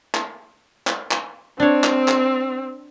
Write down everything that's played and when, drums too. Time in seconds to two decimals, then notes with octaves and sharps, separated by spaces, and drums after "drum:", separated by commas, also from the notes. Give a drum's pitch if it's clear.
0.15 drum: clap
0.87 drum: clap
1.11 drum: clap
1.60 C4 D4 C#5
1.84 drum: clap
2.08 drum: clap